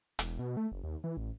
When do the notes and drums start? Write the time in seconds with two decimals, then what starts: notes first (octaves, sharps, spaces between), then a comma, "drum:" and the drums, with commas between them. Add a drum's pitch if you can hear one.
0.19 E1, drum: hi-hat
0.39 B2
0.57 A3
0.72 F#1
0.84 D#2
1.04 E3
1.17 A1